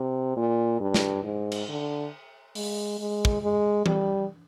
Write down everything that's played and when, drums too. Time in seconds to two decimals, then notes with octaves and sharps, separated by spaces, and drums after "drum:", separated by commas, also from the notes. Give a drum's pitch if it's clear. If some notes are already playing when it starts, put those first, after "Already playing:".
Already playing: C3
0.37 A#2
0.80 G2
0.94 drum: snare
1.24 G#2
1.52 drum: cymbal
1.69 D3
2.55 G#3, drum: open hi-hat
2.99 G#3
3.25 drum: kick
3.42 G#3
3.86 G3, drum: tom E3